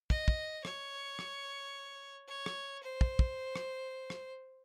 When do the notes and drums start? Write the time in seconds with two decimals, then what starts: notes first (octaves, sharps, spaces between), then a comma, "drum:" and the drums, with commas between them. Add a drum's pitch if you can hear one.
0.10 D#5, drum: kick
0.28 drum: kick
0.65 C#5, drum: rim click
1.19 drum: rim click
2.28 C#5
2.46 drum: rim click
2.83 C5
3.01 drum: kick
3.19 drum: kick
3.56 drum: rim click
4.10 drum: rim click